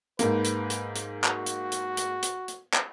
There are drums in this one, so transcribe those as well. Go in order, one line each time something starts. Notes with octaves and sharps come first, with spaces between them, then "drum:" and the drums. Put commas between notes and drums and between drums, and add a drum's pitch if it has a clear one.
G#2 A#3 B4, drum: hi-hat
drum: hi-hat
drum: hi-hat
drum: hi-hat
F#4, drum: clap
drum: hi-hat
drum: hi-hat
drum: hi-hat
drum: hi-hat
drum: hi-hat
drum: clap